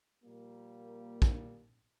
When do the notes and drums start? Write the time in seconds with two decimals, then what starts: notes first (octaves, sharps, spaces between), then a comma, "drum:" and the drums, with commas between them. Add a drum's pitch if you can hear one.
0.24 A#2 F3 G3 A#3
1.22 drum: kick